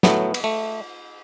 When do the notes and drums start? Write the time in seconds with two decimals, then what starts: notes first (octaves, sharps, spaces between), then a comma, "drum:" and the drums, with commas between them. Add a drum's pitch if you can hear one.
0.03 A2 F#3 A3 B3, drum: snare
0.34 drum: cymbal
0.44 A3